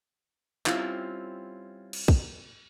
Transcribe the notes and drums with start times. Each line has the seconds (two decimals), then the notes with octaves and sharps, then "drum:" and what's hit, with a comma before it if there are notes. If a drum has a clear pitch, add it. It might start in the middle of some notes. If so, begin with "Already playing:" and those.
0.66 G3 C4 C#4 E4 F4, drum: clap
1.93 drum: cymbal
2.08 drum: kick